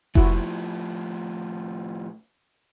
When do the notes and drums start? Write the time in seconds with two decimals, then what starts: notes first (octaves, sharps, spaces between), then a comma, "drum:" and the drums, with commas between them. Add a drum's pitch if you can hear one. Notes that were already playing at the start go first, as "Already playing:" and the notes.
0.15 A2 F3 E4 F#4, drum: kick F1